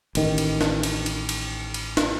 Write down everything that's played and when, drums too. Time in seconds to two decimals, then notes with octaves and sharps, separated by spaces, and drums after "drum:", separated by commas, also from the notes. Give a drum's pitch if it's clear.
0.15 A1 D#3, drum: cymbal
0.38 drum: cymbal
0.61 drum: snare
0.83 drum: cymbal
1.06 drum: cymbal
1.29 drum: cymbal
1.74 drum: cymbal
1.97 drum: snare